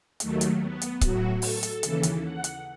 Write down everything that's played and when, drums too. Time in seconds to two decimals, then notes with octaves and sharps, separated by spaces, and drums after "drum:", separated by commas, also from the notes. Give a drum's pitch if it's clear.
0.20 D#2 D#3 F#3 A3, drum: hi-hat
0.41 drum: hi-hat
0.61 B3
0.81 drum: hi-hat
1.01 A2 F#3 F#4, drum: kick C#1, hi-hat
1.42 A4, drum: open hi-hat
1.63 drum: hi-hat
1.83 D#2 C#3 E3, drum: hi-hat
2.03 drum: hi-hat
2.23 F#5
2.44 drum: hi-hat